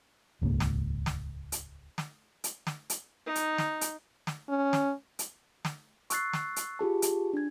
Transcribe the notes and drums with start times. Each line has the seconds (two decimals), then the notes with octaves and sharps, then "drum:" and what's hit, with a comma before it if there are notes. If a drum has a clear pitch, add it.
0.42 D#1 C#2 G#2 A#3
0.60 drum: snare
1.06 drum: snare
1.52 drum: hi-hat
1.98 drum: snare
2.44 drum: hi-hat
2.67 drum: snare
2.90 drum: hi-hat
3.26 D#4
3.35 drum: hi-hat
3.58 drum: snare
3.81 drum: hi-hat
4.27 drum: snare
4.49 C#4
4.73 drum: snare
5.19 drum: hi-hat
5.65 drum: snare
6.10 C#6 E6 F#6 A6 C7, drum: hi-hat
6.33 drum: snare
6.56 drum: hi-hat
6.79 F4 G4 G#4 A5
7.02 drum: hi-hat
7.33 D4 G#6